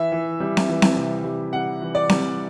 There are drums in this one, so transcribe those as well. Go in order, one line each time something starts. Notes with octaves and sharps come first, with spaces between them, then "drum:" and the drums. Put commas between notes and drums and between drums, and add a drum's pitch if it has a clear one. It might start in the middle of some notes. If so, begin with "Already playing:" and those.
Already playing: E3 E5
E3
G3
drum: snare C4
E3
drum: snare C4
C3
G3
G3 F#5
E3
D5
G3, drum: snare C4